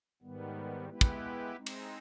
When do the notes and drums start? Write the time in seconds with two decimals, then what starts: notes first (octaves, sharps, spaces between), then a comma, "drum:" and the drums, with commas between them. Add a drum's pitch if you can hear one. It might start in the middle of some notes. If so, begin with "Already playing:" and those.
0.22 G#2 D#3 G3 B3
0.89 G#3 B3 E4 G4 B4
1.01 drum: kick
1.56 G#3 C4 D#4
1.66 drum: cymbal